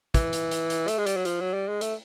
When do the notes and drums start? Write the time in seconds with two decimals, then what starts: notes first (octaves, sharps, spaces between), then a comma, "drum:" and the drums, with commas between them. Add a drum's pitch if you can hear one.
0.14 E3, drum: kick, hi-hat
0.33 drum: hi-hat
0.51 drum: hi-hat
0.70 drum: hi-hat
0.88 A3, drum: hi-hat
0.98 G#3
1.06 G3, drum: hi-hat
1.17 F#3
1.25 F3, drum: hi-hat
1.40 F#3
1.54 G3
1.68 G#3
1.81 A3, drum: hi-hat